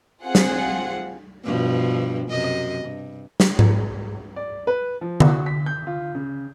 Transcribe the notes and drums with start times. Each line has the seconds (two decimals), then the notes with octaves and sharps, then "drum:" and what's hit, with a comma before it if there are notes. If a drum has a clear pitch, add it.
0.24 C4 F4 G#4 F#5
0.35 drum: snare
1.44 G2 B2 F3
2.29 F#2 C3 D#5
2.86 G2
3.40 drum: snare
3.59 drum: tom G#2
4.36 D5
4.67 B4
5.01 F3
5.20 F#4, drum: tom D3
5.46 B6
5.66 G6
5.87 F4
6.15 C#3